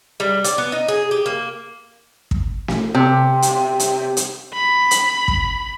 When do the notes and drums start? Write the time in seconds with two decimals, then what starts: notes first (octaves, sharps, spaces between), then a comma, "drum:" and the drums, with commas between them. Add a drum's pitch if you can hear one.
0.20 G3
0.44 D5, drum: hi-hat
0.58 B3
0.72 D#4
0.88 G#4
1.11 G4
1.26 A#3
2.31 drum: kick
2.68 drum: snare
2.95 C3
3.42 drum: hi-hat
3.80 drum: hi-hat
4.17 drum: hi-hat
4.54 B5
4.91 drum: hi-hat
5.28 drum: kick